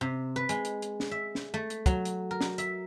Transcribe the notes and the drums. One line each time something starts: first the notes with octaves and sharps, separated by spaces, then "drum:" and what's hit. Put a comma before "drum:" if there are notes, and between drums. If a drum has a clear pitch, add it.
C3
B4
G#3, drum: hi-hat
drum: hi-hat
drum: hi-hat
drum: snare
E5
drum: snare
A3
drum: hi-hat
F#3, drum: kick, hi-hat
drum: hi-hat
A#4
drum: snare
E5, drum: hi-hat